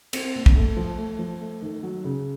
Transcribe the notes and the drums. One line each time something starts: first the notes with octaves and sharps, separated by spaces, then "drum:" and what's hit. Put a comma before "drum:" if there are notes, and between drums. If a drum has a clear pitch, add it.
C4, drum: cymbal
A#2
drum: kick
A3
F3
A3
F3
A3
D#3
F#3
C#3